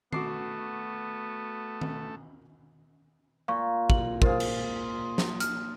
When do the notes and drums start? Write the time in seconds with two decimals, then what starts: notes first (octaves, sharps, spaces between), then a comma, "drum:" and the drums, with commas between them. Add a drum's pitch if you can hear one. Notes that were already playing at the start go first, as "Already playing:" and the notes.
0.13 A3 B3 F#4 D6 C7, drum: tom D#3
1.81 drum: tom D#3
3.48 A#2 F5 C#6
3.90 F#7, drum: kick
4.22 F4 G#4 A#4 C5, drum: kick
4.40 drum: cymbal
5.18 drum: snare
5.40 F6, drum: hi-hat